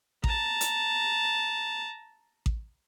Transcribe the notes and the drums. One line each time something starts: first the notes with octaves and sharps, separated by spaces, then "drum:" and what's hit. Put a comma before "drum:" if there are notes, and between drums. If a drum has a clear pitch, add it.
A5 A#5, drum: kick A1
drum: hi-hat
drum: kick A1